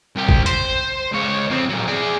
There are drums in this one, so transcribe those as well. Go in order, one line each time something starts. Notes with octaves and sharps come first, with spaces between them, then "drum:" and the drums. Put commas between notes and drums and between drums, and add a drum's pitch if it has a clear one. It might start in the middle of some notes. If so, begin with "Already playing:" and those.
C2 G4
drum: kick
C5, drum: hi-hat
C#2 C#5
F3 C4
A#2 F#3
G#4 D5